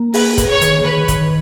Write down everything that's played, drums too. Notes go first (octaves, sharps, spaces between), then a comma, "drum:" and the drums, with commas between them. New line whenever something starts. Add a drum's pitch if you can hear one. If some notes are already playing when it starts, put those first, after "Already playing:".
Already playing: A#3
G#4 B4, drum: open hi-hat
G#4, drum: kick, hi-hat
C#5
D#3, drum: hi-hat
D#3 B4
D#3, drum: kick, hi-hat